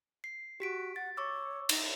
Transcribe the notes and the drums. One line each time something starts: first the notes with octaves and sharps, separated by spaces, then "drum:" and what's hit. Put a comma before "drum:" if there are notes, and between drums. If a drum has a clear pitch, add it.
C7
F#4 G4 B6 D7
F#5 A6
C#5 C#6 D6 E6
D#4, drum: cymbal